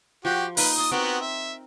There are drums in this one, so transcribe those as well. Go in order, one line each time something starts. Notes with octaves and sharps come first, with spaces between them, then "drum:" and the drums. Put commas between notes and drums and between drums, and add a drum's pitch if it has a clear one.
F3 F#4 G4
A#3 D#4 B4, drum: open hi-hat
A5 C6 D#6
B3 C4 F#4 A#4 G5
E5